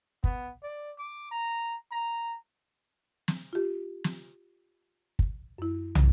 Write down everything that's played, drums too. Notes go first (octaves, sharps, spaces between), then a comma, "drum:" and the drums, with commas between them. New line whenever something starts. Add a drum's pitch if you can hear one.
B3, drum: kick
D5
D6
A#5
A#5
drum: snare
F4 G4
drum: snare
drum: kick
F#2 E4
drum: tom